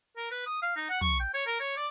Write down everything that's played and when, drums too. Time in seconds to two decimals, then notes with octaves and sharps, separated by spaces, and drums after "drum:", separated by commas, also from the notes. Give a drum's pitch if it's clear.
0.16 A#4
0.31 B4
0.46 D#6
0.62 F5
0.76 D#4
0.89 F#5
1.01 C#6, drum: tom
1.20 G5
1.34 C#5
1.46 A#4
1.60 C#5
1.76 D5